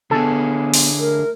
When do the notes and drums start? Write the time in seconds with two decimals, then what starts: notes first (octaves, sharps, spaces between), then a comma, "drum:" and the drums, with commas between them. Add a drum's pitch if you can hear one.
0.11 D3 B3 E4 G#4 A4
0.74 drum: open hi-hat
0.99 A3 A#4